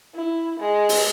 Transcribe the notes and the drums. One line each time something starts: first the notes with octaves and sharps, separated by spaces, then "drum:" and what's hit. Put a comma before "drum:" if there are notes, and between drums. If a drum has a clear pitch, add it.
E4
G#3
drum: open hi-hat